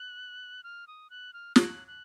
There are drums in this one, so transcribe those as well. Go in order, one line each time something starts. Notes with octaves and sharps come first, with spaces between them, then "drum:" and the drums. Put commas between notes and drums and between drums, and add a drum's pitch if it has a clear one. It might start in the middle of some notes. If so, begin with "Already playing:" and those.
Already playing: F#6
F6
D#6
F#6
F6
F#6, drum: snare
F#6